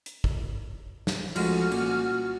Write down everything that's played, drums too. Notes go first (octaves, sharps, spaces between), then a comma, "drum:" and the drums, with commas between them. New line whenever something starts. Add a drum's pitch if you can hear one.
drum: hi-hat
drum: kick G#1
drum: snare
C2 F3 G#3 A3 C#4 F#4 F6, drum: cymbal
A#2, drum: cymbal